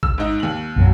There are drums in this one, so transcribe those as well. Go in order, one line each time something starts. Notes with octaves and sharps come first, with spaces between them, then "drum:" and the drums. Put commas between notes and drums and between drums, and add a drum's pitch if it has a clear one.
E6, drum: kick G#1
G#2 D#4
D#2 F#7
B1 F#2 F#3